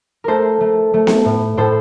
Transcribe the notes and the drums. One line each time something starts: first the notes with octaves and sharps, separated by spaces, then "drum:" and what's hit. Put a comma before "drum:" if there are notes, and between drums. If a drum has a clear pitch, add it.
A3 A4 A#4 C5
A3
A3
drum: snare B3
A2
A2 A4 C5